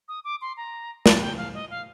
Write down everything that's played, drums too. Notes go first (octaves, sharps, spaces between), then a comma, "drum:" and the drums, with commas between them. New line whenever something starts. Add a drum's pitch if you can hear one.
D#6
D6
C6
A#5
A5, drum: snare
G5
F5
D#5
F5